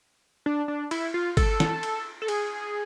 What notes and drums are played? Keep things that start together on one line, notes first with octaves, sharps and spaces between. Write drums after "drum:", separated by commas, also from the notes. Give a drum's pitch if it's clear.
D4
D4
E4, drum: cymbal
F4
A4, drum: kick G1, cymbal
drum: snare
drum: cymbal
A4
G#4, drum: cymbal